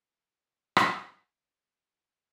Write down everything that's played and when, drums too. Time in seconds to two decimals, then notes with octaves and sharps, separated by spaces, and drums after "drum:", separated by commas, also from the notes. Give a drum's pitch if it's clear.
0.10 D#3 F#3 A#3 D#4
0.77 drum: rim click
1.36 D#2 D#3 E3 G3
1.99 E3